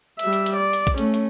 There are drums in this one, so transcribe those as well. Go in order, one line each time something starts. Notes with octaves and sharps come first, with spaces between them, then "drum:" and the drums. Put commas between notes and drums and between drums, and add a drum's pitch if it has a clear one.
G3 E5, drum: hi-hat
drum: hi-hat
drum: hi-hat
D5
drum: hi-hat
drum: kick A#1, hi-hat
A3 C#4, drum: hi-hat
drum: hi-hat